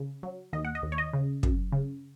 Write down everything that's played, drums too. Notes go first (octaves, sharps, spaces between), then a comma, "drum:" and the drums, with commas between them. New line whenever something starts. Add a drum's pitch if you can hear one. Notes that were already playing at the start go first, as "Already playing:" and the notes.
Already playing: C#3
F#3
D#2 D#5
F#5
D#5
D#2
C#5
D#5
C#3
F#2, drum: kick
C#3